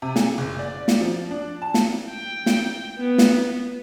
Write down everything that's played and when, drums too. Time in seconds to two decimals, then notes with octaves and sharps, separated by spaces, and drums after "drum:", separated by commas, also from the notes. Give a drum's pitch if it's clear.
0.02 C3
0.16 G#4, drum: snare
0.38 F#1
0.59 D5
0.88 drum: snare
1.01 F3
1.31 D4
1.62 A5
1.74 drum: snare
2.11 G5
2.46 drum: snare
2.98 B3
3.18 drum: snare